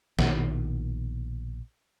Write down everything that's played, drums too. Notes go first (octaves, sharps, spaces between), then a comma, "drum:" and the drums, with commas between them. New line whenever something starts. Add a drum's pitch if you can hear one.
A#1 B2 D#3, drum: snare